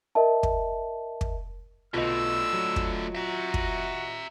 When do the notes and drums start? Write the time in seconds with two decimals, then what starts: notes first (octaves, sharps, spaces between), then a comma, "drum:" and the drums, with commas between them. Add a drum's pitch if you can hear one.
0.15 A#4 D#5 E5 A5
0.43 drum: kick
1.21 drum: kick
1.94 B1 A2 D3 F4 B4 D#5 E6 B6
2.53 F#3
2.76 drum: kick
3.15 F#4 E5 A#5
3.54 drum: kick